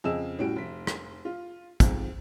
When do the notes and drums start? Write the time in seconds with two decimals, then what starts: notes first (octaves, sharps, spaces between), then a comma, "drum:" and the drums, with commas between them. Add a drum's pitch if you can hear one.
0.04 F2 C#3 G#4 D#5 E6 E7
0.39 A2 G3 C#4 F#4 D7
0.56 F1 B6
0.87 drum: rim click
1.25 F4
1.80 F2 G#2, drum: kick, hi-hat